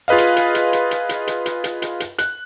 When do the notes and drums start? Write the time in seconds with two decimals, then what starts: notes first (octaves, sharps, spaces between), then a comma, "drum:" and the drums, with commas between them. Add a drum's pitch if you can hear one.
0.08 F4 G#4 B4 D#5 F5
0.18 drum: hi-hat
0.36 drum: hi-hat
0.55 drum: hi-hat
0.73 drum: hi-hat
0.91 drum: hi-hat
1.09 drum: hi-hat
1.27 drum: hi-hat
1.46 drum: hi-hat
1.64 drum: hi-hat
1.82 drum: hi-hat
2.00 drum: hi-hat
2.18 F#6, drum: hi-hat